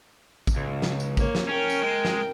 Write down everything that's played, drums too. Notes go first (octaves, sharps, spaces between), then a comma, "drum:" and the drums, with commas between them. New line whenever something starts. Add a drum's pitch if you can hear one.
drum: kick, tambourine
C#2
drum: snare
drum: tambourine
A#3 C#5, drum: kick, tambourine
drum: snare
C#4 A#4 G5
drum: tambourine
G#3
drum: snare